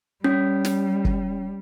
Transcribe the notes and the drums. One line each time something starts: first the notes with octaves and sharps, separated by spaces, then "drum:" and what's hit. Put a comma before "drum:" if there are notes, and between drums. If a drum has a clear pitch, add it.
G3 C#4
drum: snare
drum: kick